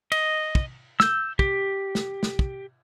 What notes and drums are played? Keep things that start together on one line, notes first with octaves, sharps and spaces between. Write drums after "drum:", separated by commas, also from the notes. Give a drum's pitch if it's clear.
D#5, drum: cymbal
drum: kick
E6 G6, drum: snare
G4, drum: kick
drum: snare
drum: snare
drum: kick